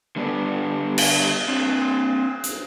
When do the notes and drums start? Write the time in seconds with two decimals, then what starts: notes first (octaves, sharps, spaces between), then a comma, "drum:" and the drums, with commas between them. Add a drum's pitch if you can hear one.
0.16 D3 G3 B3 D4 B4 D5
0.98 drum: cymbal
1.48 C4 D4
2.44 drum: hi-hat